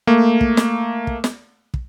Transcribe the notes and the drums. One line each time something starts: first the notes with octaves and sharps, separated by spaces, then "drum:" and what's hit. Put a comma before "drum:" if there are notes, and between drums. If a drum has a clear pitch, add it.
A3 A#3
drum: kick
drum: snare
drum: kick
drum: snare
drum: kick